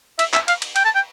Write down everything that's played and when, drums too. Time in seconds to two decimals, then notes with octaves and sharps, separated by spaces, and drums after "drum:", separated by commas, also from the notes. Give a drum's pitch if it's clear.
0.19 E5, drum: cymbal
0.34 E5, drum: clap
0.48 F5, drum: cymbal
0.62 drum: cymbal
0.76 G5, drum: cymbal
0.85 A5
0.95 G5